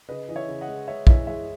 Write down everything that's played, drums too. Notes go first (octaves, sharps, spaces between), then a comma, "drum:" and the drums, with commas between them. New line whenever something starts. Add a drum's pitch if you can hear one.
C#3 B4 D#5
E3 D#5
C#5 E5
C#3
D#5 F#5
G#3
G#3 C#5 E5
E3 C#5 E5, drum: kick
G#3 C#5 E5